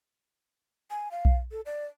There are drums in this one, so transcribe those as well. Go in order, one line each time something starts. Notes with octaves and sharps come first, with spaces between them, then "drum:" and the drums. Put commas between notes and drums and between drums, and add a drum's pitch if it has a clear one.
G#5
F5
drum: kick B1
A4
D5